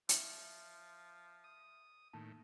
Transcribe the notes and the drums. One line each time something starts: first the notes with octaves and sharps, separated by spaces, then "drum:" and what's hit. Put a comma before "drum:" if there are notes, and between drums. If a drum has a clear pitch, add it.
F3 E5, drum: hi-hat
D#6
A2 D#3 A#3 A5